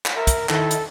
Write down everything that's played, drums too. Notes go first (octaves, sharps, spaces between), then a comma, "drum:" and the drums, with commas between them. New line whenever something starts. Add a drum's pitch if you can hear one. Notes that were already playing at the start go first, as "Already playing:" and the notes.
drum: clap
A#4 E5
drum: kick, hi-hat
D#3 E4 A4, drum: clap
drum: hi-hat